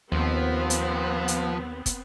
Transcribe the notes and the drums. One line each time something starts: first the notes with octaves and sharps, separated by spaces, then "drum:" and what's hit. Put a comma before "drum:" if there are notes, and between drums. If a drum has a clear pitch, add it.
D#2 F3 B3 C4
drum: hi-hat
drum: hi-hat
drum: kick, hi-hat